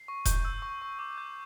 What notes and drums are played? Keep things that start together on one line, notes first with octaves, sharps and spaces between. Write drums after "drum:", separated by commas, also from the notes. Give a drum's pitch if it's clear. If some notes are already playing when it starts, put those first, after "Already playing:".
Already playing: C7
C#6
G6, drum: kick E1, hi-hat
E6
C#6
C#6
D6
G6